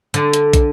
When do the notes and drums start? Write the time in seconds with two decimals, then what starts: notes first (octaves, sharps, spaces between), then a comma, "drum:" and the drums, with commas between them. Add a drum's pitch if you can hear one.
0.14 D3, drum: hi-hat
0.33 drum: hi-hat
0.53 drum: kick, hi-hat